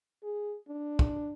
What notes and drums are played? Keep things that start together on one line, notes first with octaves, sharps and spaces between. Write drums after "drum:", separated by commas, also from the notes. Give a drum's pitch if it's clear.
G#4
D4
drum: kick